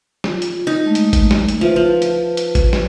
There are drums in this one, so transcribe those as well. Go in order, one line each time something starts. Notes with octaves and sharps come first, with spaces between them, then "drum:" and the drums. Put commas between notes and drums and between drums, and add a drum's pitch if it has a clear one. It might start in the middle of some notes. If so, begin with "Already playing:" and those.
F4, drum: snare
drum: hi-hat
D#4
G#3 A3
drum: hi-hat
drum: kick G#1, hi-hat
drum: snare
drum: hi-hat
F3 B4 C5 E5
F3 B4 A5
drum: hi-hat
drum: hi-hat
drum: kick G#1, hi-hat
drum: snare